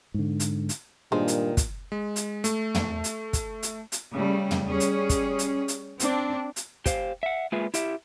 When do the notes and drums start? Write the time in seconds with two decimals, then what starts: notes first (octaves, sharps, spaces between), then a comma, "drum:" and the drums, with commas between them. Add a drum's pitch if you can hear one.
0.14 G#2 D3
0.40 drum: hi-hat
0.69 drum: hi-hat
1.12 G2 A#2 D#3 G#3 D4 C5
1.28 drum: hi-hat
1.57 drum: kick, hi-hat
1.92 G#3
2.16 drum: hi-hat
2.44 A3, drum: hi-hat
2.75 drum: tom
3.04 drum: hi-hat
3.33 drum: kick, hi-hat
3.63 drum: hi-hat
3.92 drum: hi-hat
4.14 C#3 G3 A3
4.51 drum: tom
4.68 G3 C#4 G#4
4.80 drum: hi-hat
5.09 drum: kick, hi-hat
5.39 drum: hi-hat
5.68 drum: hi-hat
6.00 C4 D4, drum: hi-hat
6.56 drum: hi-hat
6.86 G4 C5 F5, drum: kick, hi-hat
7.23 E5 F#5
7.52 G#3 A#3 F4 G#4 B4 E5
7.74 E4 G4 E5, drum: hi-hat